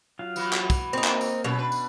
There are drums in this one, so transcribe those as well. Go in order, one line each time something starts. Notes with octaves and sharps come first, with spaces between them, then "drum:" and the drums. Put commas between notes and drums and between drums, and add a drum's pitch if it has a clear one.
F#3 F4 F5
E3 B3 F#4, drum: tambourine
drum: clap
drum: kick, tambourine
A#3 C4 D#4
drum: clap
drum: tambourine
B2 F#3 C#4 E4
D4 B4
drum: tambourine